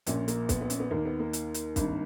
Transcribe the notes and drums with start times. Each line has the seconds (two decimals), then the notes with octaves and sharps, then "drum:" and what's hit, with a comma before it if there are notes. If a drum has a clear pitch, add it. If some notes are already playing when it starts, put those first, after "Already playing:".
0.07 A#1 A#2 C#4, drum: hi-hat
0.28 A#3, drum: hi-hat
0.49 B3, drum: kick, hi-hat
0.61 B3
0.70 C#4, drum: hi-hat
0.80 B3
0.91 D#2 D#3 A#3
1.06 B3
1.20 A#3
1.33 drum: hi-hat
1.54 drum: hi-hat
1.76 G#1 G2 D#3, drum: kick, hi-hat